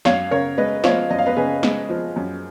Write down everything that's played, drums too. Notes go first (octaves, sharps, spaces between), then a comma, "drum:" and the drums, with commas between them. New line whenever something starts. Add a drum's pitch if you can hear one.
F#2 C#5 F5, drum: snare
C#3 A#4 C#5
G#3 B4 D#5
F3 C#5 F5, drum: snare
F#2 D#5
F5
B4 D#5
C#3 G#4 B4
G#3, drum: snare
F3
F#2